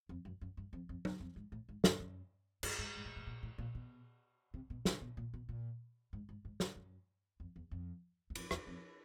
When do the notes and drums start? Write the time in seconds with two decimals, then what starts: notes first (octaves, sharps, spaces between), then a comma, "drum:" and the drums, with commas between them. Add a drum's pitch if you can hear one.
0.09 F2
0.25 F#2
0.41 F#2
0.57 G2
0.73 F2
0.89 F2
1.05 E2, drum: tom
1.20 F2
1.36 G#2
1.52 A2
1.69 G#2
1.84 G2, drum: snare
2.00 F#2
2.63 G2, drum: cymbal
2.79 G#2
2.96 G#2
3.05 A2
3.16 A2
3.27 A#2
3.43 A2
3.58 A#2
3.75 B2
4.54 C3
4.70 B2
4.85 B2, drum: snare
5.01 B2
5.17 A#2
5.34 B2
5.49 A#2
6.13 G#2
6.29 G#2
6.45 G#2
6.60 F#2, drum: snare
6.76 F#2
7.40 F2
7.56 E2
7.71 F2
8.30 E2
8.35 F2, drum: cymbal
8.51 E2, drum: rim click
8.67 F2